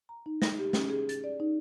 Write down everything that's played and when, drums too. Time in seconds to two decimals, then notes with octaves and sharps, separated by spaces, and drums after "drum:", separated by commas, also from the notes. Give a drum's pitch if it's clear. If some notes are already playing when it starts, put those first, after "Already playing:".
0.09 A#5
0.26 D#4
0.42 A#6, drum: snare
0.59 G4
0.73 C#4, drum: snare
0.90 G#4
1.09 A6, drum: hi-hat
1.24 D5
1.40 D#4